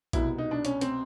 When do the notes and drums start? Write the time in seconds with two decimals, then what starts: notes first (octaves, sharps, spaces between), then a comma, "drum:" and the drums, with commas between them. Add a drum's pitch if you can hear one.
0.13 C2 B2 E4, drum: kick A#1, hi-hat
0.38 D#4
0.51 D4
0.65 C#4, drum: hi-hat
0.81 C4, drum: hi-hat